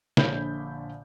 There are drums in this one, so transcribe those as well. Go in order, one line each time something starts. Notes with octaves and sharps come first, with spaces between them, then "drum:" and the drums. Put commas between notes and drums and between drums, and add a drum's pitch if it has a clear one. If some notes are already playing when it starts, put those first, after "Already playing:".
A#1 A#2 D3 C#5 B5 G6, drum: snare